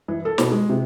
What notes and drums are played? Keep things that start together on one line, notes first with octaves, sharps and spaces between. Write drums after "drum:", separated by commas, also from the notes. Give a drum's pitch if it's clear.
E3
A4
B2, drum: snare
G#3
C3